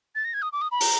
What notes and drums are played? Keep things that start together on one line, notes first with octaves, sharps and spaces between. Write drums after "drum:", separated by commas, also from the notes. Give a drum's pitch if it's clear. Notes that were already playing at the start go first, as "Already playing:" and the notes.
A6
A#6
G#6
D#6
D6
D#6
B5
A#5, drum: open hi-hat